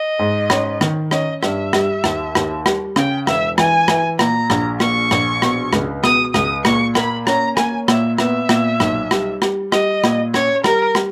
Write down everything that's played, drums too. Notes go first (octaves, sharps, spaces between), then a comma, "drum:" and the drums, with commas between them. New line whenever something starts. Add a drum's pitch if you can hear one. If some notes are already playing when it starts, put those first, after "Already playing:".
Already playing: D#5
G#2
C#4, drum: rim click
D#3, drum: rim click
C#4 D#5, drum: rim click
G2 E5, drum: rim click
G3, drum: rim click
D#2, drum: rim click
D#2, drum: rim click
G3, drum: rim click
C#3 G5, drum: rim click
E1 E5, drum: rim click
E3 G#5, drum: rim click
E3, drum: rim click
A#2 A#5, drum: rim click
A#1, drum: rim click
A#2 C#6, drum: rim click
A#1, drum: rim click
B2, drum: rim click
C#2, drum: rim click
B2 D#6, drum: rim click
C#2 D#6, drum: rim click
A#2 C#6, drum: rim click
A#3 B5, drum: rim click
C#4 A#5, drum: rim click
A#3 G#5, drum: rim click
A#2 E5, drum: rim click
B3 E5, drum: rim click
A#2, drum: rim click
B1, drum: rim click
G3, drum: rim click
G3, drum: rim click
G3 D#5, drum: rim click
A#2, drum: rim click
C#4 C#5, drum: rim click
G3 A#4, drum: rim click
G3, drum: rim click